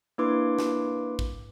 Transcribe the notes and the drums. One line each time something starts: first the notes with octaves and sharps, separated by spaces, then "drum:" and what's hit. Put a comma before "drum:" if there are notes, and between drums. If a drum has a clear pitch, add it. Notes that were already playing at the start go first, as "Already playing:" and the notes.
A#3 D4 E4 B4 C6 D6
drum: snare
drum: kick